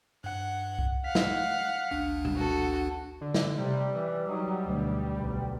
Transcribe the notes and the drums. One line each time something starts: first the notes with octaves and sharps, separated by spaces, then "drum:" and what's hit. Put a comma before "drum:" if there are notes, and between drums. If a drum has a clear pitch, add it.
G2 F#5
drum: kick C2
F5 F#5 B6
drum: snare
G#1 D2 D4
drum: tom B2
F#4 A4
D3
drum: snare
C3 G3
E3
F#3 D#4
D2 B2
B1